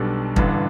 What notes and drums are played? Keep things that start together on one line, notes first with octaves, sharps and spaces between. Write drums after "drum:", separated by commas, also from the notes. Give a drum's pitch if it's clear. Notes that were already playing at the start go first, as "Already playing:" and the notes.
Already playing: B1 B2 G3 D4 A4
A1 G2 D3, drum: kick